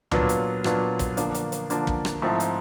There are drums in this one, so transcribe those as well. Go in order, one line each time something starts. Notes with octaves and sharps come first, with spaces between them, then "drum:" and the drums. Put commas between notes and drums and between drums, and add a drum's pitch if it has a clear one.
A#2 F#3 B3 D4 F4, drum: tom C#2
drum: hi-hat
A#2 F#3 B3 D4 F4, drum: rim click
drum: kick, hi-hat
D3 F3 A#3 D4, drum: hi-hat
drum: hi-hat
drum: hi-hat
D3 F3 A#3 D4, drum: hi-hat
drum: kick
drum: rim click
G#2 F3 A3 C4 E4
drum: hi-hat